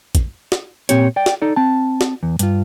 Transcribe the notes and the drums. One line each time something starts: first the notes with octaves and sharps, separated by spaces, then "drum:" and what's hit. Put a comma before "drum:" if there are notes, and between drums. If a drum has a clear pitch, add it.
drum: kick, hi-hat
drum: snare
A#2 C4 G4 C#5, drum: hi-hat
D5 G5
drum: snare
D#4 A4 D5
C4 A5
drum: snare
E2
G2 F4, drum: hi-hat